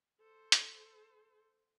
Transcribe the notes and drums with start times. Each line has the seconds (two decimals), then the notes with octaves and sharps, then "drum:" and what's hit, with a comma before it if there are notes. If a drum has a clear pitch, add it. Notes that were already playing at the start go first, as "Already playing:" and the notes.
0.20 A4 C5
0.52 drum: hi-hat